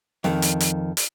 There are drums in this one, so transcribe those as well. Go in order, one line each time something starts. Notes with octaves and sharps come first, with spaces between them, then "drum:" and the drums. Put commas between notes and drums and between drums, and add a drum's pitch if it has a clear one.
F2 D#3, drum: snare
drum: hi-hat
drum: hi-hat
drum: hi-hat